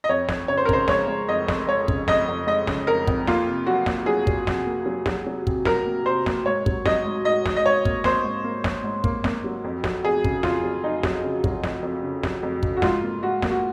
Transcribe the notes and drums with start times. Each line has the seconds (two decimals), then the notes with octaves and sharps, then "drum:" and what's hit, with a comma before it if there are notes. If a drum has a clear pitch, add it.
0.04 D#5
0.09 F2 C#5
0.29 F2, drum: snare
0.48 C#3 C#5
0.57 C5
0.65 A#4
0.69 C#3 C5, drum: kick
0.88 G#3 C#5, drum: snare
1.08 G#3
1.28 F2 D#5
1.48 F2, drum: snare
1.67 G#3 C#5
1.88 C#3, drum: kick
2.08 F2 D#5, drum: snare
2.28 F2
2.47 G#3 D#5
2.67 C#3, drum: snare
2.87 F2 A#4
3.07 F2, drum: kick
3.28 A#3 F4, drum: snare
3.47 C3
3.66 F#3 F#4
3.86 A#3, drum: snare
4.06 F#3 G#4
4.27 F#3, drum: kick
4.47 C3, drum: snare
4.67 A#3
4.86 F#3
5.06 F#3, drum: snare
5.27 F#3
5.47 C3, drum: kick
5.65 F#3 A#4, drum: snare
5.86 A#3
6.06 C3 C5
6.26 A#3, drum: snare
6.45 G#2 C#5
6.66 F#3, drum: kick
6.86 F#3 D#5, drum: snare
7.05 G#2
7.25 G#2 D#5
7.46 G#2, drum: snare
7.56 D#5
7.65 G#2 C#5
7.85 A#3, drum: kick
8.04 A#3 C5, drum: snare
8.25 G#2
8.44 A#3
8.64 A#3, drum: snare
8.84 G#2
9.04 A#3, drum: kick
9.24 A#3, drum: snare
9.44 F#3
9.64 F2
9.84 F#3, drum: snare
10.04 F2 G#4
10.24 C#3, drum: kick
10.43 F2 F4, drum: snare
10.64 F#3
10.84 F2 D#4
11.03 F#3, drum: snare
11.24 C#3
11.44 F#3, drum: kick
11.64 F2, drum: snare
11.82 F2
12.03 C#3
12.24 F#3, drum: snare
12.43 F2
12.63 C#3, drum: kick
12.77 F#4
12.82 G#2 F4, drum: snare
13.03 A#3
13.23 G#2 F#4
13.42 A#3, drum: snare
13.51 F#4